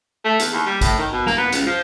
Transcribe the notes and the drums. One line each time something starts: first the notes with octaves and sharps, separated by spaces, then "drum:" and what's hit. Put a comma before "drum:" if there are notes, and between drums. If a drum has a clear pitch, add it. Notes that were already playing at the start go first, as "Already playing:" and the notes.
A3
E2, drum: hi-hat
D#2
G3
A2, drum: kick G#1, hi-hat
D#3
B2
A#3, drum: snare
B3
C#2, drum: hi-hat
F3